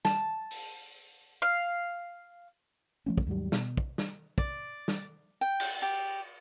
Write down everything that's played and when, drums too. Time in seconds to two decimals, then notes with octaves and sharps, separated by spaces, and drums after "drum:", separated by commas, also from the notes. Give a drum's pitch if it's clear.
0.05 A5, drum: snare
0.51 drum: open hi-hat
1.42 F5
3.06 F3 A3 C#4
3.17 drum: kick
3.27 D#2 G#2 F#3 G3
3.52 B2, drum: snare
3.77 drum: kick
3.98 drum: snare
4.38 D5, drum: kick
4.88 drum: snare
5.41 G5
5.60 drum: cymbal
5.82 G4